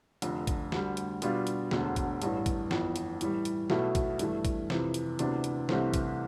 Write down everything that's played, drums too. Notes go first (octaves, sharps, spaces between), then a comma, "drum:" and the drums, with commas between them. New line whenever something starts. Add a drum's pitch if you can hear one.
F1 F2 D3, drum: hi-hat
drum: kick A1, hi-hat
D2 D3 G3, drum: snare
drum: hi-hat
B2 G3 D4 F4, drum: hi-hat
drum: hi-hat
E1 D2 D3, drum: snare
drum: kick A1, hi-hat
A1 G2 E3, drum: hi-hat
drum: kick A1, hi-hat
G1 F2 E3, drum: snare
drum: hi-hat
A2 E3 G3, drum: hi-hat
drum: hi-hat
B1 B2 A3 E4, drum: snare
drum: kick A1, hi-hat
G2 E3 A3, drum: hi-hat
drum: kick A1, hi-hat
F2 C3 E3, drum: snare
drum: hi-hat
D2 C3 E3 B3 D4, drum: hi-hat
drum: hi-hat
C2 C3 E3 A3 C4, drum: snare
drum: kick A1, hi-hat